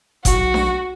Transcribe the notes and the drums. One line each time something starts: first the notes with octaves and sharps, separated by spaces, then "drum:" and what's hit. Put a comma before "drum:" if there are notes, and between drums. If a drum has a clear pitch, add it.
B1 F#4, drum: kick F#1, hi-hat
drum: snare D4